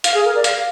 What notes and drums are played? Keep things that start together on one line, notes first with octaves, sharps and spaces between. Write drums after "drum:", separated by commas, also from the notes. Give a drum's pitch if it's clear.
F5, drum: hi-hat
G#4
A#4
D5
F5, drum: hi-hat